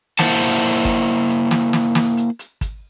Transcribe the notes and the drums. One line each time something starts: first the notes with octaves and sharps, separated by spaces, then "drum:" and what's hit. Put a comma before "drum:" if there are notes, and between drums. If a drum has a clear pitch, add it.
A#3 E4 C5 F#5 A5, drum: snare
drum: hi-hat
drum: hi-hat
drum: kick, hi-hat
drum: hi-hat
drum: hi-hat
drum: snare
drum: snare
drum: snare
drum: hi-hat
drum: hi-hat
drum: kick, hi-hat